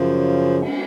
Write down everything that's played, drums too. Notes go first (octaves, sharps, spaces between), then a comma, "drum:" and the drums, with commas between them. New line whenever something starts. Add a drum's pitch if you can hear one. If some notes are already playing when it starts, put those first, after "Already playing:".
Already playing: F#2 C#3 F3
drum: cymbal